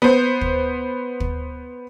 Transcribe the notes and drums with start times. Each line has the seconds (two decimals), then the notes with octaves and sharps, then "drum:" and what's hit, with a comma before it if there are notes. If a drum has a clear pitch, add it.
0.02 B3 C5
0.41 drum: kick
1.20 drum: kick